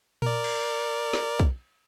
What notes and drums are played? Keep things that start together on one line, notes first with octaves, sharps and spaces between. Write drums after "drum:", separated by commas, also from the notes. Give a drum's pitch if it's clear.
A#4 D5, drum: tom A#2
drum: cymbal
drum: snare
drum: kick